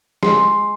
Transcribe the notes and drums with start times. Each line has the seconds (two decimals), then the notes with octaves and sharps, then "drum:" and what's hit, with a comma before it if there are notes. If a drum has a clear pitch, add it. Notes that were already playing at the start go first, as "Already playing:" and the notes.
0.23 G#3 C6, drum: snare